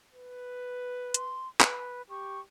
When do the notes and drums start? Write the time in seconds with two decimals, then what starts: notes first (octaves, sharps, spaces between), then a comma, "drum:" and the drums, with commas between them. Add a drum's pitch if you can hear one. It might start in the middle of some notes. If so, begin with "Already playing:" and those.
0.14 B4
1.14 C6, drum: hi-hat
1.61 B4, drum: clap
2.10 G4 C#6